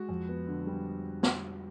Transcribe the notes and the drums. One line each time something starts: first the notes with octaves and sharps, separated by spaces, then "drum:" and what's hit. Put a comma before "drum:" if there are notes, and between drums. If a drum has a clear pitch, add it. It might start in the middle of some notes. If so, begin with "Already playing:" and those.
Already playing: G#3 F#4
F2
B3
D3
G3
drum: snare